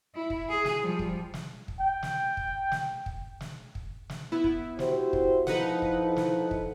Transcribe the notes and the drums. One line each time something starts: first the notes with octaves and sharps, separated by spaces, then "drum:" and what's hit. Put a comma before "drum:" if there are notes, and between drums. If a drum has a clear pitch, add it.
E4
drum: kick
G#4
drum: snare
F3 G3
drum: kick
drum: snare
drum: kick
G5
drum: snare
drum: kick
drum: snare
drum: kick
drum: snare
drum: kick
drum: snare
B3 E4
drum: kick
F#4 G4 C5, drum: snare
drum: kick
F3 D#4 E4 A4 B4 F#5, drum: snare
drum: kick
drum: snare
drum: kick